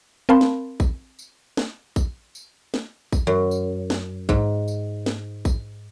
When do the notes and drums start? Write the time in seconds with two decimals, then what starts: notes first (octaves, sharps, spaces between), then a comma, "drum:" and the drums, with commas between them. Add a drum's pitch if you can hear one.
0.29 C4 A#4 F5 A5 B5 C6
0.41 drum: snare
0.80 drum: kick A1, tambourine
1.19 drum: tambourine
1.57 drum: snare
1.96 drum: kick A1, tambourine
2.35 drum: tambourine
2.74 drum: snare
3.13 drum: kick A1, tambourine
3.27 F#2
3.51 drum: tambourine
3.90 drum: snare
4.29 G#2, drum: kick A1
4.68 drum: tambourine
5.06 drum: snare
5.45 drum: kick A1, tambourine